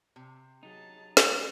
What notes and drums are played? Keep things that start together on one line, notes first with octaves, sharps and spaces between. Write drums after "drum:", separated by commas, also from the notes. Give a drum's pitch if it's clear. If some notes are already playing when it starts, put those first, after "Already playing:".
C3
F#3 D#4 G#4 A5
D5 A5, drum: snare